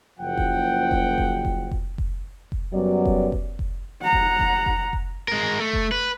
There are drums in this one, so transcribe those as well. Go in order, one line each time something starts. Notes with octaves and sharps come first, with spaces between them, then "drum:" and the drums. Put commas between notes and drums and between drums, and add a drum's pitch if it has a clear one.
F#1 F3 F#5 G5
drum: kick F1
drum: kick F1
drum: kick F1
drum: kick F1
drum: kick F1
drum: kick F1
drum: kick F1
F#2 F#3 G3 B3 D5
drum: kick F1
drum: kick F1
drum: kick F1
F#5 A#5
drum: kick F1
drum: kick F1
drum: kick F1
drum: kick F1
G#3 A#4
A3
drum: kick F1
B4